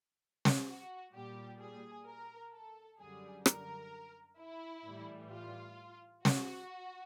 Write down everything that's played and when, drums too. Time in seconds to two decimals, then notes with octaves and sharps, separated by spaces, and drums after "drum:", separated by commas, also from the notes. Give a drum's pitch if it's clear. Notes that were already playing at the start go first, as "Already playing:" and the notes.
0.45 drum: snare
0.68 F#4
1.14 A#2 G3 G4
1.61 G#4
2.07 A#4
2.53 A4
2.99 F#2 D3 G3 G#4
3.46 A#4, drum: rim click
4.39 E4
4.86 A2 E3 G3
5.31 F4
6.25 F#4, drum: snare